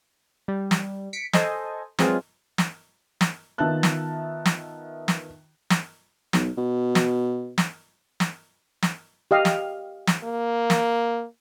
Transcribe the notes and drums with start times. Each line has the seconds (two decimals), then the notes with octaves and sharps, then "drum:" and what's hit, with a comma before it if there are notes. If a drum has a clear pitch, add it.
0.48 G3
0.71 drum: snare
1.13 B6 C#7 D7
1.33 A4 C5 D#5 G#5, drum: snare
1.99 F#3 G#3 C4 F4 G#4 B4, drum: snare
2.58 drum: snare
3.21 drum: snare
3.58 D#3 B3 F4 E5 A5 F#6
3.83 drum: snare
4.45 drum: snare
5.08 drum: snare
5.70 drum: snare
6.33 B1, drum: snare
6.57 B2
6.95 drum: snare
7.58 drum: snare
8.20 drum: snare
8.82 drum: snare
9.31 G4 D#5 F5
9.45 drum: snare
10.07 drum: snare
10.24 A#3
10.70 drum: snare